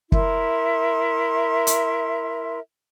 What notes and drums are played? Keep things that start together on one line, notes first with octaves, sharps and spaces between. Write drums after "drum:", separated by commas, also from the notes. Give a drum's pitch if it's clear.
E4 A#4 E5 C6, drum: kick
drum: hi-hat